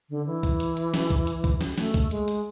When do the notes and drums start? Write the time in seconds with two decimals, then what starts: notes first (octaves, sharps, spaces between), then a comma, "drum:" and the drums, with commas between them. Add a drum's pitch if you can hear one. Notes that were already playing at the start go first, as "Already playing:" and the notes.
0.10 D3
0.27 E3
0.43 drum: kick, hi-hat
0.60 drum: hi-hat
0.77 drum: hi-hat
0.94 drum: snare
1.10 drum: kick, hi-hat
1.27 drum: hi-hat
1.44 drum: kick, hi-hat
1.61 drum: snare
1.78 A3, drum: snare
1.94 drum: kick, hi-hat
2.11 G#3, drum: hi-hat
2.28 drum: hi-hat